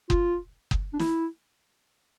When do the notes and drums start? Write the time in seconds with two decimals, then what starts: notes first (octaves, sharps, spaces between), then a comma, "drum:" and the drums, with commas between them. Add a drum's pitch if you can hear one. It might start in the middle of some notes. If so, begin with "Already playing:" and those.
0.10 F4, drum: kick F#1
0.71 drum: kick F#1
0.94 D4
0.99 E4, drum: snare